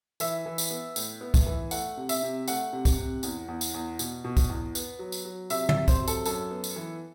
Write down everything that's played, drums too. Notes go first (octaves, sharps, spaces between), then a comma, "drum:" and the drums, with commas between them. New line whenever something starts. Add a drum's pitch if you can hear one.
E3 E5, drum: tambourine
E3
drum: tambourine
B3
A2, drum: tambourine
B3
drum: kick, tambourine
E3
A3 F#5, drum: tambourine
C3
E5, drum: tambourine
C3
A3 F#5, drum: tambourine
C3
drum: kick, tambourine
C3
E2, drum: tambourine
E2
drum: tambourine
E2
B2, drum: tambourine
B2
drum: kick, tambourine
E2
B3, drum: tambourine
F#3
drum: tambourine
F#3
C3 E5, drum: tambourine
E5, drum: tom
C3
C5, drum: kick, tambourine
F#3
A4, drum: tambourine
F#2 A4, drum: tambourine
B3
drum: tambourine
E3